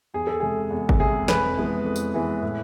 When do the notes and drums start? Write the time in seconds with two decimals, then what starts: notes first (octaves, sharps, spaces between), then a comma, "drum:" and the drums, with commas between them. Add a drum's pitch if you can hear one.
0.14 E2 G#4
0.27 A4
0.40 C3 G#3 G#4
0.70 E2
0.89 drum: kick G1
1.00 C3 G#3 G#4
1.28 F2 B4, drum: snare
1.57 E3 G#3 B3
1.85 F2
1.96 drum: tambourine
2.14 E3 G#3 B3
2.42 A2